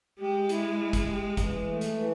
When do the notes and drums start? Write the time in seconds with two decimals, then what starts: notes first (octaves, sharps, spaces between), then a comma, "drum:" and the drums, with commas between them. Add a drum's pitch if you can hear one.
0.20 G#3 G4
0.49 E4, drum: hi-hat
0.79 E4
0.93 drum: kick, hi-hat
1.08 G4
1.37 E3, drum: kick, hi-hat
1.66 A3
1.81 drum: hi-hat
1.96 E3